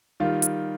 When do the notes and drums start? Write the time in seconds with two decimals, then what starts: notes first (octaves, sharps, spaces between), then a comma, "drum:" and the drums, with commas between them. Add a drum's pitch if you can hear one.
0.20 D#3 G3 F4
0.42 drum: hi-hat